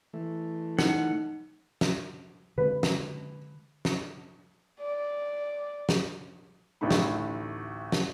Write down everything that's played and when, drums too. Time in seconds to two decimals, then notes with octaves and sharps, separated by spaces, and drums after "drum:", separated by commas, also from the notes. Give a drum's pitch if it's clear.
0.14 E3 A3
0.79 D#4 F#5, drum: snare
1.81 drum: snare
2.58 D3 G#3 C4 B4
2.83 drum: snare
3.85 drum: snare
4.80 D5
5.89 drum: snare
6.81 A1 D2 A3 D#4 B5
6.91 drum: snare
7.92 drum: snare